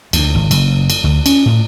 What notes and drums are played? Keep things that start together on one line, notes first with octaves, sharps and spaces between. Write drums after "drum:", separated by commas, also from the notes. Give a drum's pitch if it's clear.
D2, drum: cymbal
G#1
F#1, drum: cymbal
drum: cymbal
D2
C#4, drum: cymbal
A2